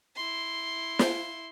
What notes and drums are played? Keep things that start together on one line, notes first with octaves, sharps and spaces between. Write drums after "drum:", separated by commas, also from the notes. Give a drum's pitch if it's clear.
E4 C6
drum: snare